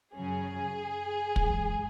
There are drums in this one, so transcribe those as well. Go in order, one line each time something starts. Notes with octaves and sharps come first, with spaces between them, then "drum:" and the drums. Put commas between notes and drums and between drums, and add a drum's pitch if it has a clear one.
F#2 C#3 F#3 C#4 G#4
F#2 E3 G#3, drum: kick